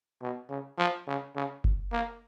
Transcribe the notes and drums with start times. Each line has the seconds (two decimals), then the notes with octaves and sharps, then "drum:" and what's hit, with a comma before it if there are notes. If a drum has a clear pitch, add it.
0.22 B2
0.50 C#3
0.78 F3
1.07 C#3
1.35 C#3
1.64 drum: kick F#1
1.92 A#3